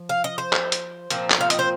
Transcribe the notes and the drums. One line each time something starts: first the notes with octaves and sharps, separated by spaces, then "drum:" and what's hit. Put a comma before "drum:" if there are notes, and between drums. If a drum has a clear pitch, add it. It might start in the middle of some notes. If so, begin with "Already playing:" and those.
Already playing: F3
F5
D#5
C5
drum: clap
drum: hi-hat
A#2 F3 C4, drum: hi-hat
drum: clap
F5
D#5, drum: hi-hat
C5